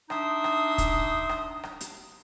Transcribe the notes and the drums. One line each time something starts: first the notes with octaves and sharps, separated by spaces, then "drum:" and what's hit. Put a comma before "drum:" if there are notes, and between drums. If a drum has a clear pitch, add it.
D4 D#4 E5 C6 D#6, drum: rim click
drum: rim click
drum: kick, hi-hat
drum: rim click
drum: rim click
drum: hi-hat